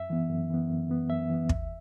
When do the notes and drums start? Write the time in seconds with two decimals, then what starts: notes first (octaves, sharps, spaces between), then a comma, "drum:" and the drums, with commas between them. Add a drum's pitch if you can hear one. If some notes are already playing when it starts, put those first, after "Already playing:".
Already playing: F#2 E5
0.10 E3 B3
0.30 F#2
0.50 E3 B3
0.70 F#2
0.90 E3 B3
1.10 F#2 E5
1.29 E3 B3
1.49 E2, drum: kick